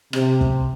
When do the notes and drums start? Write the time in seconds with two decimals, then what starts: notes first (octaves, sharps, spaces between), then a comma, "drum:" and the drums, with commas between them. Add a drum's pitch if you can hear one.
0.13 C3, drum: rim click
0.41 drum: kick